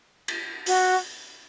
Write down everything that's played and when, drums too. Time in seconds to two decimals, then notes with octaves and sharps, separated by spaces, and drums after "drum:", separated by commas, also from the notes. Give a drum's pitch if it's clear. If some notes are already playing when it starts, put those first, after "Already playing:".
0.28 drum: cymbal
0.66 F#4, drum: open hi-hat